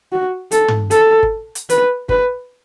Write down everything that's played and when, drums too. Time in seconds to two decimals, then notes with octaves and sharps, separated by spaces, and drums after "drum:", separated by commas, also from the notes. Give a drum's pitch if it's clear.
0.12 F#4
0.51 A4, drum: hi-hat
0.68 drum: tom
0.91 A4, drum: hi-hat
1.23 drum: kick G1
1.55 drum: hi-hat
1.70 B4, drum: hi-hat
2.09 B4, drum: kick G1